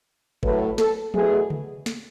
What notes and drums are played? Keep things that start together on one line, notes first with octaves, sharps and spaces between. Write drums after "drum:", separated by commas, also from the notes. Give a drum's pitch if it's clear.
A2 F#3 A3 B4, drum: kick
A4, drum: snare
E2 B2 A3 G#4, drum: tom F3
drum: tom C#3
drum: snare